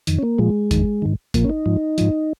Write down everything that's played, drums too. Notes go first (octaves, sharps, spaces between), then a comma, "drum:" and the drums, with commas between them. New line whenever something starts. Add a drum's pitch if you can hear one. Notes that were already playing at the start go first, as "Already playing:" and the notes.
F2 D#3, drum: hi-hat
C#4
A#3
A#2 F3 G#3
F2 D#3, drum: kick G#1, hi-hat
G#2 D#3
A#2 F3 A#3, drum: kick G#1, hi-hat
C#4
D#4
G#2 F3
G#2 F3, drum: hi-hat